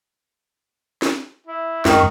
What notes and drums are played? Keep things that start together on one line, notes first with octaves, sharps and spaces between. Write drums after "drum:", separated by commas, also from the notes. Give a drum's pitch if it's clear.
drum: snare
E4
F#2 D#3 G#3 C#6, drum: snare